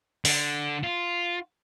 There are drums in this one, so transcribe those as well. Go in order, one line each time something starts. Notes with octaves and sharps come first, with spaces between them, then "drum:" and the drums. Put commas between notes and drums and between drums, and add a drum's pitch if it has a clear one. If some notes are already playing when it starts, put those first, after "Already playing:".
D3, drum: open hi-hat
F4